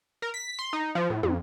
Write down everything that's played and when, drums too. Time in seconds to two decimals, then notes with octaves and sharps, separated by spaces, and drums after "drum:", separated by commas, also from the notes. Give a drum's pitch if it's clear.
0.22 A#4
0.34 B6
0.59 C6
0.73 D#4
0.95 F3
1.10 A2
1.23 F2, drum: tom